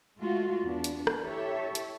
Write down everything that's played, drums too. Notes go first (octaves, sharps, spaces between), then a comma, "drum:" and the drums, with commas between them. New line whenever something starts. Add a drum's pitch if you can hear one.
G#3 A3 F4 F#4
E2 B3 D4
drum: hi-hat
drum: rim click
E4 G4 A4 C#5 E5
drum: hi-hat